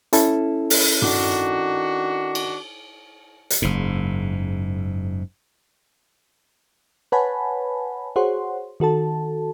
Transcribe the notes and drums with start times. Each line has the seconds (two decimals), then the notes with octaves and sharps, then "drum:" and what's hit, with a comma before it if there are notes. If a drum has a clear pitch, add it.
0.13 C#4 E4 A4, drum: hi-hat
0.70 drum: open hi-hat
1.02 D#3 D4 F#4, drum: tom G2
2.35 drum: cymbal
3.50 drum: hi-hat
3.62 F#1 G#2
7.12 B4 C#5 F#5 G#5 A5 B5
8.16 F#4 G#4 C5 C#5 F#5 C6
8.80 D#3 F#4 A4 A5